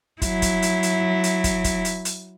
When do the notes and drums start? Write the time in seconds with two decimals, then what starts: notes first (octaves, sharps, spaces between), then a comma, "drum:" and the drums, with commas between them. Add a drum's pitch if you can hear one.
0.22 F#3 E4, drum: kick, hi-hat
0.42 drum: kick, hi-hat
0.62 drum: hi-hat
0.83 drum: hi-hat
1.24 drum: hi-hat
1.44 drum: kick, hi-hat
1.64 drum: kick, hi-hat
1.85 drum: hi-hat
2.05 drum: hi-hat